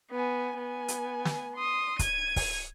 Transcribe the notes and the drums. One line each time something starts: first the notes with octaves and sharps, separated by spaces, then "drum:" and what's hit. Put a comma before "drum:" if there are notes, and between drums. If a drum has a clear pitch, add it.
B3 G#5
B3 G#5
drum: hi-hat
drum: snare
C6 D#6
G#6 D#7, drum: kick, hi-hat
drum: kick, open hi-hat